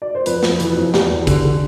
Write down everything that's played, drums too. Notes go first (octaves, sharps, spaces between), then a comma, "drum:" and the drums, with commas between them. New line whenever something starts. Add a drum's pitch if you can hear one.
D5
C5
F2 B4, drum: hi-hat
F2, drum: snare
E3, drum: hi-hat
F2
E2 G4, drum: snare
E2
D3, drum: kick, hi-hat
D3